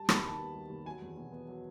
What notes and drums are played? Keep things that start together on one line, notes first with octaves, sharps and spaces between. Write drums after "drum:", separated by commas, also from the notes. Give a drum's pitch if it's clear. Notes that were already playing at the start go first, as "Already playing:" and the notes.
Already playing: G3 A5
D#2, drum: rim click
B5
D#3 A5
B3
G3
D#2
F#3 G#5
E2
B2
B3
F#3